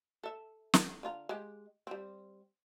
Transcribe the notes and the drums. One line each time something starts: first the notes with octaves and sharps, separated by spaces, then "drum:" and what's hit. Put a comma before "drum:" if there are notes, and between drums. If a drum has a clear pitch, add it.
A4 E5
drum: snare
D3 F4 A#5
G#3 G4
G3 C4